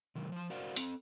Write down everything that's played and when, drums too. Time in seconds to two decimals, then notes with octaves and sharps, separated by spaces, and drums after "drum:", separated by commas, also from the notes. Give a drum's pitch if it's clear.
0.15 C3 D#3 F#3
0.32 F3 A5
0.50 F#4 A#4 C5 D5 F5 F#5
0.76 C4 A4, drum: open hi-hat